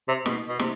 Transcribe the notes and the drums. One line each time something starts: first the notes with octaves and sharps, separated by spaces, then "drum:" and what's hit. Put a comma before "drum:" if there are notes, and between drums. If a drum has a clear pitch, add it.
C3
B2, drum: snare
B2
C3, drum: snare